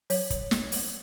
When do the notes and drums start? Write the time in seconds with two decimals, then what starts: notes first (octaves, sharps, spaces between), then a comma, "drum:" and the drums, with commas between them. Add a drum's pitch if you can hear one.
0.10 F#3 C#5, drum: open hi-hat
0.30 drum: kick, hi-hat
0.51 drum: snare
0.72 drum: open hi-hat